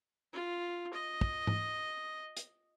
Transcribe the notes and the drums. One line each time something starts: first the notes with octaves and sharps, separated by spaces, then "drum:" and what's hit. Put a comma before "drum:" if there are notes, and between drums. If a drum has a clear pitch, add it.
F4
D#5
drum: kick
drum: tom G#2
drum: hi-hat